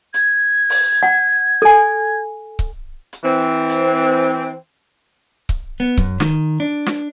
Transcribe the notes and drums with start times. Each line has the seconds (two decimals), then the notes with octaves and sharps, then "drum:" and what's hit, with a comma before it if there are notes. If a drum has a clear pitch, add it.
0.14 G#6, drum: hi-hat
0.70 drum: open hi-hat
1.03 F#5
1.62 A4 G#5
2.59 drum: kick C#1
3.13 drum: hi-hat
3.24 E3 C4
3.70 drum: hi-hat
5.49 drum: kick C#1
5.80 B3
5.97 F#2, drum: kick C#1
6.20 D#3, drum: snare
6.60 D4
6.86 drum: snare